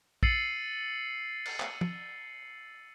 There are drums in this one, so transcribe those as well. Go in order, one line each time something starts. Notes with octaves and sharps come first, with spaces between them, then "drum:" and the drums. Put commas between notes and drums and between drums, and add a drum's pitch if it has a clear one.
E6 A6 C7 C#7 D#7 F#7, drum: kick A#1
drum: cymbal
drum: clap
drum: tom